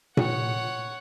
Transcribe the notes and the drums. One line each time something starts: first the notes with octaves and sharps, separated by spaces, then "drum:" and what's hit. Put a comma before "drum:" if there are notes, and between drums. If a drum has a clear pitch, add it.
C#5 F#5, drum: tom A#2